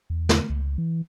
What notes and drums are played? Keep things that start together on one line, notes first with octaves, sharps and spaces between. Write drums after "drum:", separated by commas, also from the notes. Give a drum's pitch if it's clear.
E2
drum: snare
C#2
E3